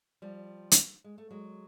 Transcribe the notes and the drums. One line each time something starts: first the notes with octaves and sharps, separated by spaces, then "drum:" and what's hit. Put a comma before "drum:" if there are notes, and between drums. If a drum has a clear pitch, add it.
F3 G3
drum: hi-hat
G#3
A3
F#3 G#3